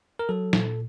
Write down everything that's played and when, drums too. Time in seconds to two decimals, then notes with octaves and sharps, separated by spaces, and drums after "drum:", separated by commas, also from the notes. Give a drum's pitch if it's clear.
0.19 A#4
0.29 F#3 A4
0.53 A#2, drum: snare